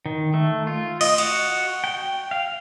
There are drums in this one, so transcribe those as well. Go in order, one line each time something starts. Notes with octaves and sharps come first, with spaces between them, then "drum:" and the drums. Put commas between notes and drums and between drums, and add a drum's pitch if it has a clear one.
D#3
A3
F4
D#5, drum: cymbal
F#4, drum: cymbal
G5
F5